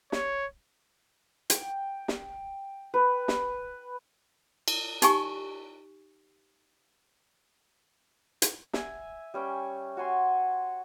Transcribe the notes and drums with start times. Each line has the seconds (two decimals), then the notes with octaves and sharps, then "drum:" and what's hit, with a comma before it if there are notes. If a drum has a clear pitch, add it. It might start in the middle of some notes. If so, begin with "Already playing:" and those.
0.12 C#5, drum: snare
1.50 G5, drum: hi-hat
2.08 drum: snare
2.94 B4
3.28 drum: snare
4.68 drum: cymbal
5.02 D#4 G4 G#5 C#6, drum: hi-hat
8.42 drum: hi-hat
8.73 E5 G#5, drum: snare
9.34 G3 C#4 G5 G#5
9.97 F#4 C#5 G#5 C6